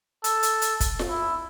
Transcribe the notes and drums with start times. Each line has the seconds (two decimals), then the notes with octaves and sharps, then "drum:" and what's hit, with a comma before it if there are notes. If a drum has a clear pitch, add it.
0.24 A4, drum: hi-hat
0.43 drum: hi-hat
0.62 drum: hi-hat
0.80 drum: kick, hi-hat
0.99 drum: snare F4
1.09 E4